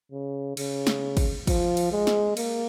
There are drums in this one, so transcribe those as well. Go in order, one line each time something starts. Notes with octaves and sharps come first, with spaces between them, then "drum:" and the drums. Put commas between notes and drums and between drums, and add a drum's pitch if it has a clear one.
C#3
C#3, drum: cymbal
drum: snare
drum: kick, cymbal
F3, drum: kick, cymbal
drum: cymbal
G#3
drum: snare
A#3, drum: cymbal